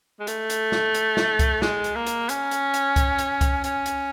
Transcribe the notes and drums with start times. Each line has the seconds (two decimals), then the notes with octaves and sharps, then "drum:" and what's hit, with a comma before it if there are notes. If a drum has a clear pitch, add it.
0.20 G#3
0.27 A3, drum: hi-hat
0.50 drum: hi-hat
0.72 drum: snare
0.95 drum: hi-hat
1.17 drum: snare
1.39 drum: kick C2, hi-hat
1.62 G#3, drum: snare
1.84 drum: hi-hat
1.95 A#3
2.07 drum: hi-hat
2.29 C#4, drum: hi-hat
2.51 drum: hi-hat
2.74 drum: hi-hat
2.96 drum: kick C2, hi-hat
3.19 drum: hi-hat
3.41 drum: kick C2, hi-hat
3.64 C#4, drum: hi-hat
3.86 drum: hi-hat